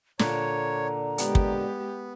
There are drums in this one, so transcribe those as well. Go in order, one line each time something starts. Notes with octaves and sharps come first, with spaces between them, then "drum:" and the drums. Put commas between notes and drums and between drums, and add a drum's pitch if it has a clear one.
A#2 D3 C#5 A#5, drum: snare
G#3 B3 G4, drum: hi-hat
drum: kick